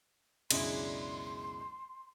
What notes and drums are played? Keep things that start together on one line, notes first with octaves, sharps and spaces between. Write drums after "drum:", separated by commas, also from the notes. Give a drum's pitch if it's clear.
C#2 F#2 B2 G#3 D4 E4 C6, drum: cymbal